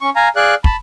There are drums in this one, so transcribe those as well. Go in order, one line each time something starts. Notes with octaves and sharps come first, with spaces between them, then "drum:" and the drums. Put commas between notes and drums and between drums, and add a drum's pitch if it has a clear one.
C#4 C#6
F5 G#5 A#5
G#4 D5 F5 F#6
A5 B5, drum: kick